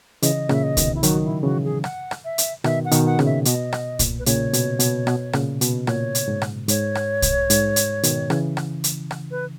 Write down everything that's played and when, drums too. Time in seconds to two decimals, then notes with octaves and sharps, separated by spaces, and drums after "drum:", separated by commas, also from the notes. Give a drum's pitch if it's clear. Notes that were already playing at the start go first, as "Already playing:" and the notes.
0.22 C#3 E3 D#5, drum: hi-hat
0.49 A#2 C#3, drum: rim click
0.54 E5
0.63 D#5
0.77 B2 D#3, drum: kick, hi-hat
0.95 E4
1.03 D#3 F#3 F#4, drum: hi-hat
1.24 E4
1.43 C#3 E3 F#4
1.64 G#4
1.84 F#5, drum: rim click
2.11 drum: rim click
2.25 E5
2.38 drum: hi-hat
2.64 B2 D#3 E5, drum: rim click
2.85 F#5
2.91 B2 D#3, drum: hi-hat
3.06 F#5
3.19 A#2 C#3, drum: rim click
3.26 E5
3.45 B2 D#5, drum: hi-hat
3.73 drum: rim click
3.99 A#2, drum: kick, hi-hat
4.19 B4
4.26 A#2 C#3 C#5, drum: hi-hat
4.53 B2, drum: hi-hat
4.80 B2, drum: hi-hat
5.07 B2, drum: rim click
5.33 A#2 C#3, drum: rim click
5.61 B2, drum: hi-hat
5.87 A#2 C#5, drum: rim click
6.15 drum: hi-hat
6.28 G#2
6.42 drum: rim click
6.68 G#2 C#5, drum: hi-hat
6.95 drum: rim click
7.22 drum: kick, hi-hat
7.50 G#2, drum: hi-hat
7.76 drum: hi-hat
8.03 B2 D#3, drum: hi-hat
8.30 C#3 E3, drum: rim click
8.57 drum: rim click
8.84 drum: hi-hat
9.11 drum: rim click
9.31 B4